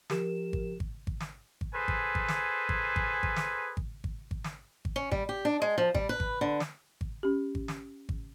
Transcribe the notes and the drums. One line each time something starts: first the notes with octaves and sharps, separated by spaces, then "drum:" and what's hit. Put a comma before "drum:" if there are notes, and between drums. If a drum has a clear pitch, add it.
F3 G4 A#4 E7, drum: snare
drum: kick G#1
drum: kick G#1
drum: kick G#1
drum: snare
drum: kick G#1
G#4 A4 B4 C5 G#5
drum: kick G#1
drum: kick G#1
drum: snare
drum: kick G#1
drum: kick G#1
drum: kick G#1
drum: snare
drum: kick G#1
drum: kick G#1
drum: kick G#1
drum: snare
drum: kick G#1
C#4
G3, drum: kick G#1
G4
D4
G#3
F3
G3, drum: kick G#1
B4
drum: kick G#1
D3
drum: snare
drum: kick G#1
C#4 G4
drum: kick G#1
drum: snare
drum: kick G#1